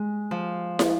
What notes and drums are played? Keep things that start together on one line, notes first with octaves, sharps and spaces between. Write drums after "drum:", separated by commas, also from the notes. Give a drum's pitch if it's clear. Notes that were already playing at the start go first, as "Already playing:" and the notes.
Already playing: G#3
F3
drum: snare